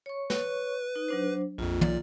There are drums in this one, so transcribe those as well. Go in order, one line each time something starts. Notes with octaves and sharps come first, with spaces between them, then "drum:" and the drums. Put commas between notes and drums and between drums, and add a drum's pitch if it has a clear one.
C#5 C#6
B4, drum: snare
D#4
F#3 D4 C5
A#1 F2 A#3 F4
B1 D5, drum: tom